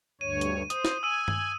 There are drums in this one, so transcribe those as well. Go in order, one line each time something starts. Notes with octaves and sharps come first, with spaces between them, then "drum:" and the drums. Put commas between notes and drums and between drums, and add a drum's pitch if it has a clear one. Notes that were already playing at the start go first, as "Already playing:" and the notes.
D2 G2 C#5 D#7
drum: hi-hat
C5 D#6, drum: hi-hat
drum: snare
G#5 E6 D#7
drum: tom G2